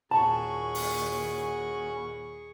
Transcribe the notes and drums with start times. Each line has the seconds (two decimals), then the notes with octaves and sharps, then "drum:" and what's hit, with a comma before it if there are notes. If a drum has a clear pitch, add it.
0.11 D#2 A#2 C#4 F#4 G#4 A5 B5 C#6
0.75 drum: open hi-hat